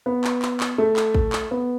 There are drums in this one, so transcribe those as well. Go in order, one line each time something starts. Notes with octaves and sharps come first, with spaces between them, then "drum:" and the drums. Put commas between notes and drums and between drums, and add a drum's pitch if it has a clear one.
B3
drum: clap
drum: clap
drum: clap
A3
drum: clap
drum: kick A1
drum: clap
B3